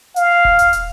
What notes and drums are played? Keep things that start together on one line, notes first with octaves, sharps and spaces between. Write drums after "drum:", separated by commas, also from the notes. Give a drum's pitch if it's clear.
F5, drum: hi-hat
drum: kick D#1
drum: hi-hat
drum: hi-hat